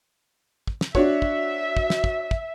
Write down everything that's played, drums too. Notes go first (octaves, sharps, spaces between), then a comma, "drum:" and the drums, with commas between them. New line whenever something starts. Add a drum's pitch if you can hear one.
drum: kick
drum: snare
D4 F#4 C#5 E5, drum: kick
drum: kick
drum: kick
drum: snare
drum: kick
drum: kick